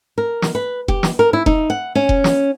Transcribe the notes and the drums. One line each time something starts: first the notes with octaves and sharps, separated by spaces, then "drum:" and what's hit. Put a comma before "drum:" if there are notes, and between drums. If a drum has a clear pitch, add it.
A#4
drum: snare
B4
G4, drum: kick F1
drum: snare
A#4
E4
D#4, drum: kick F1
F#5
C#4
drum: kick F1
drum: snare